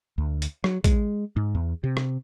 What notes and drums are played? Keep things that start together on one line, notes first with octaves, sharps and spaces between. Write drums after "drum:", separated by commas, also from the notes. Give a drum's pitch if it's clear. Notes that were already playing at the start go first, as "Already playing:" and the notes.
D2
drum: hi-hat
F#3, drum: rim click
G#3, drum: kick, hi-hat
G#2
E2
C3
drum: rim click